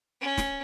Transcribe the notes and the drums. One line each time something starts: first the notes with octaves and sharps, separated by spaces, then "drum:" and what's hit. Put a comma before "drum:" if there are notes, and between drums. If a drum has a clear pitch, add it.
C#4
drum: snare